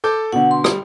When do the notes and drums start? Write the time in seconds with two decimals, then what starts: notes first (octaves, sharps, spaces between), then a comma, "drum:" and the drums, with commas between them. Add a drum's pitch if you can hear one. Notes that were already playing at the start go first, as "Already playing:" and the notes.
0.04 A4 D6 G6
0.32 B2 D3 F#5
0.51 C6
0.64 G3, drum: rim click